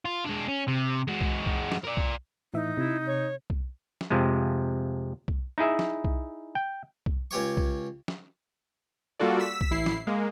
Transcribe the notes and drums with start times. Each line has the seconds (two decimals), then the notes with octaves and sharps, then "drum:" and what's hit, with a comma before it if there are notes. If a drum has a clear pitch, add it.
0.05 F4
0.25 G#3 D4
0.48 C#4
0.68 C3
1.08 G#3 F#4
1.21 drum: kick B1
1.46 drum: kick B1
1.72 drum: snare
1.85 A#4 D5
1.97 drum: kick B1
2.54 A2 E3 D#4 E5
2.77 C3 E4
3.07 C#5
3.50 drum: kick B1
4.01 drum: snare
4.10 F2 C3 F3 G#3
5.28 drum: kick B1
5.58 D#4 E4 G#4 E5
5.79 drum: snare
6.04 drum: kick B1
6.55 G5
7.06 drum: kick B1
7.31 C#2 C#4 G4 C#5 C#6
7.57 drum: kick B1
8.08 drum: snare
9.19 G3 A#3 F4 F#4 A4 D5
9.39 E6 B6
9.61 drum: kick B1
9.71 A1 E4 C7
9.86 drum: snare
10.07 G#3 A#3